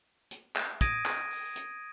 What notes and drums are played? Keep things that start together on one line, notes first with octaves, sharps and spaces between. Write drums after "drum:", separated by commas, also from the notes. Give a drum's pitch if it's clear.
drum: hi-hat
drum: clap
D#6 G#6 A#6 D7 D#7, drum: kick, hi-hat
drum: clap
drum: open hi-hat
drum: hi-hat